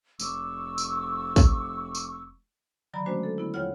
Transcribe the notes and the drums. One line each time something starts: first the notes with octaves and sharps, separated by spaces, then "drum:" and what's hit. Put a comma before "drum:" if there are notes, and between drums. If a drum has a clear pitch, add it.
F1 C#6 D6 E6, drum: tambourine
drum: tambourine
drum: kick, tambourine
drum: tambourine
D3 D#3 F#3 D5 A#5 B5
G#3 A3 C#4 D4 F#4 C5
A4
D3 B3 E4
D#2 F3 F4 C#5 F#5 F6